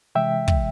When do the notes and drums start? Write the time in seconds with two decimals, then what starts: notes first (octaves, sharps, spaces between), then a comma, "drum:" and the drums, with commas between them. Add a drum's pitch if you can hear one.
0.15 C3 E3 G#3 E5 G5
0.48 drum: kick